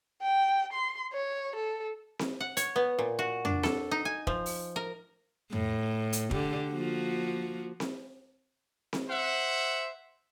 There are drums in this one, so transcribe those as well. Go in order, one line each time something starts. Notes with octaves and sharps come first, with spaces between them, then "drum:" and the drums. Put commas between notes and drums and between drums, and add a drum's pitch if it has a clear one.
G5
C6
C#5
A4
drum: snare C4
F#5
C#5, drum: hi-hat
B3
A#2
F#4
D4, drum: tom F2
A4, drum: snare C4
D#4
G#5
F3, drum: kick
drum: open hi-hat
A#4
A2, drum: tom F2
drum: hi-hat
D3 G4, drum: kick
F3 A#3 F#4
drum: snare C4
drum: snare C4
C5 E5 F#5